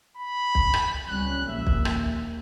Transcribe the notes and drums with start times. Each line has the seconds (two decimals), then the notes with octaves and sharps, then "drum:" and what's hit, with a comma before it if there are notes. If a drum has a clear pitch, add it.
0.17 B5
0.55 drum: kick
0.74 drum: rim click
1.08 C#2 G3 C#4 F#6
1.48 A#1 D#2 A#3 E5
1.67 drum: kick
1.85 drum: rim click